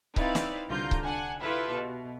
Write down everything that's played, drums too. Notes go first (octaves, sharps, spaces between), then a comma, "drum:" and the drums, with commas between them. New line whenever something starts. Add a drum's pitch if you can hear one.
C4 D#4 E4 B4 D5 F5, drum: kick C#1
drum: snare
C2 D3 F4 A#5 G6
drum: kick C#1
D4 F#5 G#5
E4 F4 G4 A4 B4 E5
B2